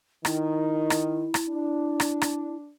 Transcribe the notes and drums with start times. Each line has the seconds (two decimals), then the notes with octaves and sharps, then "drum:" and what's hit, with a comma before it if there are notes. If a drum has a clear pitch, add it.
0.25 D#3 E4, drum: rim click
0.90 drum: rim click
1.34 drum: rim click
1.49 D4
2.00 drum: rim click
2.22 drum: rim click